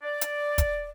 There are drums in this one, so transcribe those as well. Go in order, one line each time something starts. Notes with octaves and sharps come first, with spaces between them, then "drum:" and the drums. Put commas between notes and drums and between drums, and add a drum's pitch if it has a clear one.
D5
drum: hi-hat
drum: kick, hi-hat